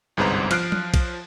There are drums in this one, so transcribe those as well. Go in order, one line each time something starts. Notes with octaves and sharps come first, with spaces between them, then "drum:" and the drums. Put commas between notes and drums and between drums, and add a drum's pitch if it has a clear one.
G1 C2 G#2 B4 C5 A#5
F3 F6 F#6 C7 D7, drum: cymbal
drum: tom F#3
drum: kick, cymbal